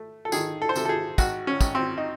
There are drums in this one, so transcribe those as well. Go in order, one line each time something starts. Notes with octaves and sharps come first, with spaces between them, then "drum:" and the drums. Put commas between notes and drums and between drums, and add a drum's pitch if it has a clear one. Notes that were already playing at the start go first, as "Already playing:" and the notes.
Already playing: A3
A4
D#3 G#4, drum: tambourine
A4
C5
C3 A4, drum: tambourine
A4
G#4
G#1 F#4, drum: kick, tambourine
C#4
G#1, drum: kick, tambourine
C4
D#4